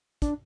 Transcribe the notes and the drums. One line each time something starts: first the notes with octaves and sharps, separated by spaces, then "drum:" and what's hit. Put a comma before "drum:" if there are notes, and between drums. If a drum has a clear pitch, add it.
D4, drum: kick, hi-hat